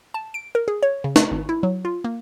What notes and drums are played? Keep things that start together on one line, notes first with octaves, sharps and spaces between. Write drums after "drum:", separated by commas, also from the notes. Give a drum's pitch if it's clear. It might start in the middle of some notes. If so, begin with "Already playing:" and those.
A5
D7
A#4
G#4
C#5
C#3
A3, drum: snare
G#1
E4
F#3
F4
A#3